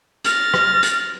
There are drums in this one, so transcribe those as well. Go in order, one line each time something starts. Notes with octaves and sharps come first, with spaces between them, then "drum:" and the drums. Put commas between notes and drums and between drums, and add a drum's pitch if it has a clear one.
F6 A6 A#6, drum: hi-hat
drum: rim click
drum: hi-hat